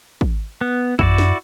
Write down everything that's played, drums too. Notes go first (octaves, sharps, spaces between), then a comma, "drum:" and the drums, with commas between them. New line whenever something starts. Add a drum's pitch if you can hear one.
drum: kick
B3
F#2 E4 F#4 D5, drum: kick
drum: snare